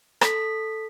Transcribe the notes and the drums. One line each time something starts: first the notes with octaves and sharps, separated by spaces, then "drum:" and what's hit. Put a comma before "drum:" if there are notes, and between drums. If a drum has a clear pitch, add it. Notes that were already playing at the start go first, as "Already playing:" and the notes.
A4 B6, drum: rim click